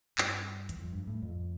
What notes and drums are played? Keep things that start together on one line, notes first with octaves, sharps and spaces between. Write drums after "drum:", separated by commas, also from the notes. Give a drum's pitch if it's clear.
G2, drum: clap
E2, drum: hi-hat
F2
G2
A2
F2